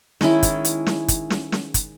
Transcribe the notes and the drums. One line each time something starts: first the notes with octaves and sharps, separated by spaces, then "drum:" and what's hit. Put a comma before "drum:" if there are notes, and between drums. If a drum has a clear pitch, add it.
D#3 G#3 C#4 E4, drum: snare
drum: kick, hi-hat
drum: hi-hat
drum: snare
drum: kick, hi-hat
drum: snare
drum: snare
drum: kick, hi-hat